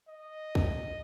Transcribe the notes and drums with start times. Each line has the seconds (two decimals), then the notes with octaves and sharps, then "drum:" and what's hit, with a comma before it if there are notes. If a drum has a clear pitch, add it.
0.09 D#5
0.55 drum: kick